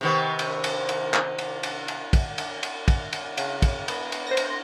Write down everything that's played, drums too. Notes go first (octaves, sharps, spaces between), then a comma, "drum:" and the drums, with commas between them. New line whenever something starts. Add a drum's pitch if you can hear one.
C3 D#3 B3
drum: cymbal
drum: cymbal
drum: cymbal
drum: clap
drum: cymbal
drum: cymbal
drum: cymbal
drum: kick, cymbal
drum: cymbal
drum: cymbal
drum: kick, cymbal
drum: cymbal
C#3, drum: cymbal
drum: kick, cymbal
B3, drum: cymbal
drum: cymbal
C5 A#6
drum: cymbal